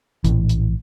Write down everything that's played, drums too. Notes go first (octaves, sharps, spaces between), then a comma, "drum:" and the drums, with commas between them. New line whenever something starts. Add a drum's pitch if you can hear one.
A#1 A2 E3, drum: kick, hi-hat
drum: hi-hat